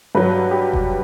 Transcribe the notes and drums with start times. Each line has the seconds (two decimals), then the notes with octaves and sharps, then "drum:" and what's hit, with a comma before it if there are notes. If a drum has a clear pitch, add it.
0.15 G2 F#3 B4
0.51 G4
0.73 drum: kick F1